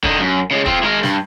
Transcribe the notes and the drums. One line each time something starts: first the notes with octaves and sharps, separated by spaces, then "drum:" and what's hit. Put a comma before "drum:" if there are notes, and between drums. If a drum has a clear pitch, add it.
D3 D#4, drum: kick
F#2
C#3 G#3
C4 F4, drum: kick
G#3 A#4
G2, drum: snare